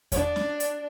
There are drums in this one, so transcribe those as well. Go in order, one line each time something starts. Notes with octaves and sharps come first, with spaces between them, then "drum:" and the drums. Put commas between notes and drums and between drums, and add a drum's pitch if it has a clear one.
D4, drum: kick E2, hi-hat
drum: snare C#4
drum: hi-hat